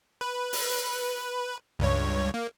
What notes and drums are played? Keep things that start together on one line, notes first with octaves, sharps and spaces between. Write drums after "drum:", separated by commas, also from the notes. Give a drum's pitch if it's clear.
B4
drum: open hi-hat
C#2 G2 C#5
A#3